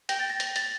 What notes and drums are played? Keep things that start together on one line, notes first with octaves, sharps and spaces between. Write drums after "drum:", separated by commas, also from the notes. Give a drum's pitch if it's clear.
G5 A#6, drum: hi-hat
A6
A#6
A#6, drum: hi-hat
A6, drum: hi-hat